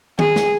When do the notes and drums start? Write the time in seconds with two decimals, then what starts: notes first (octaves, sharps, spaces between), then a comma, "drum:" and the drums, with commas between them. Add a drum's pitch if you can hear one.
0.19 G#4, drum: tom
0.36 drum: snare